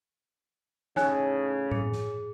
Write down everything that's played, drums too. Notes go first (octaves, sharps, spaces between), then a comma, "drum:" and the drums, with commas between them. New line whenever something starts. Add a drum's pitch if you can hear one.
A2 C#3 D#4 C#5 G#5 F#6, drum: snare
G#4, drum: tom A2
drum: snare